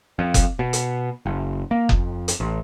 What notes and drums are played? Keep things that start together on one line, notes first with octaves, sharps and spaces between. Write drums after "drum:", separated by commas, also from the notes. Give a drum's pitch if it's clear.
F2
drum: kick F#1, hi-hat
B2
drum: hi-hat
F#1
A#3
F2, drum: kick F#1
drum: hi-hat
A1